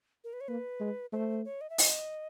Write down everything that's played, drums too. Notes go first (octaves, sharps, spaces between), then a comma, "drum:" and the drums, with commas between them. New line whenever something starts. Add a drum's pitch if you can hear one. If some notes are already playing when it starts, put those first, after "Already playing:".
A#4
B4
C#5
A#3 B4
G#3
A3 C5
C#5
D#5
E5
D#5, drum: open hi-hat